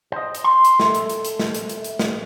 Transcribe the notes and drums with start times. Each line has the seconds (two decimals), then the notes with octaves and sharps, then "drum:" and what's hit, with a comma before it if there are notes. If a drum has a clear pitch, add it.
0.12 C5 D#5
0.35 drum: hi-hat
0.44 C6
0.65 drum: hi-hat
0.80 A4 E5, drum: snare
0.95 drum: hi-hat
1.10 drum: hi-hat
1.25 drum: hi-hat
1.40 drum: snare
1.54 drum: hi-hat
1.69 drum: hi-hat
1.84 drum: hi-hat
1.99 drum: snare